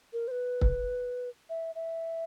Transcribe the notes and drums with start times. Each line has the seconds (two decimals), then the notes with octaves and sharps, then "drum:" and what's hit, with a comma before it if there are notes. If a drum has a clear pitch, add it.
0.13 A#4
0.28 C5
0.31 B4
0.61 drum: kick
1.49 E5
1.75 E5